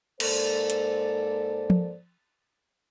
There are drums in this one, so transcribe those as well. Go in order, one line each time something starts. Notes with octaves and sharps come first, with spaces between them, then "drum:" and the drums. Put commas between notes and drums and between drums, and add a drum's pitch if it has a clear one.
G#2 A#3 A4 C5 D5, drum: cymbal
drum: hi-hat
drum: tom F3